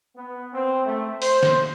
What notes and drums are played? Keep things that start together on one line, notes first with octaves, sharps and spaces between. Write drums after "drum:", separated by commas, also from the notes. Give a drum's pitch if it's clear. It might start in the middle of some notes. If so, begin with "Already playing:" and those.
B3
C4
A3
C5, drum: open hi-hat
drum: snare